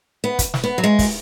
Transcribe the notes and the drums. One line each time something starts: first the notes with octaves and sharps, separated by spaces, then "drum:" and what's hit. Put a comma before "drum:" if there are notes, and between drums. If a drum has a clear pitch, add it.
B3
drum: kick, hi-hat
drum: snare
B3
F#3
G#3
drum: kick, open hi-hat